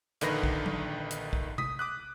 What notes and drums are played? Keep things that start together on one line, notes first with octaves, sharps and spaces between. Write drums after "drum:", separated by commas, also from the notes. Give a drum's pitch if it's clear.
A#1 D3 D#3 B4 A#6, drum: hi-hat
drum: kick
drum: tom
drum: hi-hat
drum: kick
D#6 B6, drum: tom C3
D6 D#6 F#6